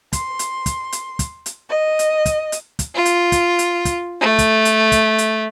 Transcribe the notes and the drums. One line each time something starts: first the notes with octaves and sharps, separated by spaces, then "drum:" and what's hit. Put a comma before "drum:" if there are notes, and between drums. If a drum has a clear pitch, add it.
C6, drum: kick, hi-hat
drum: hi-hat
drum: kick, hi-hat
drum: hi-hat
drum: kick, hi-hat
drum: hi-hat
D#5
drum: hi-hat
drum: kick, hi-hat
drum: hi-hat
drum: kick, hi-hat
F4
drum: hi-hat
drum: kick, hi-hat
drum: hi-hat
drum: kick, hi-hat
A3
drum: kick, hi-hat
drum: hi-hat
drum: kick, hi-hat
drum: hi-hat